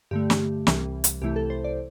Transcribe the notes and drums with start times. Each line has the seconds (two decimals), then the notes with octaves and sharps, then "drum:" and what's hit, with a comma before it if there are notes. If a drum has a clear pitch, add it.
0.11 G2 D3 A3 G4
0.30 drum: snare
0.67 C2 C3 E3 G3, drum: snare
1.04 drum: hi-hat
1.22 C2 C3 E3 A3 E4 G4
1.36 A4
1.50 C5
1.64 D5